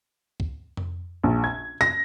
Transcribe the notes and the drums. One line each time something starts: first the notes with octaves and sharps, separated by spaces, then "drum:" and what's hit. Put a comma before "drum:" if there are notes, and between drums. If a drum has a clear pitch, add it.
drum: kick
drum: tom F2
A#1
G#6
A#6, drum: hi-hat